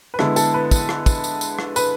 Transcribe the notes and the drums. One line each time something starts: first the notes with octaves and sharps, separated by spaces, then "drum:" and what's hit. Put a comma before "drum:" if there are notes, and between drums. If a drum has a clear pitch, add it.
B4
D3 G#3 B3 E4 A4, drum: rim click
A4, drum: tambourine
B4
drum: kick, tambourine
drum: rim click
drum: kick, tambourine
drum: tambourine
drum: tambourine
drum: rim click
B4, drum: tambourine